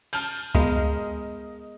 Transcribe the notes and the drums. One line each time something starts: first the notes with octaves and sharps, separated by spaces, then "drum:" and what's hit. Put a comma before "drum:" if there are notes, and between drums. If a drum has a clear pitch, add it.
A5 F6 G6, drum: cymbal
G#3 B3 A#4 D#5 F5 B5, drum: kick C#2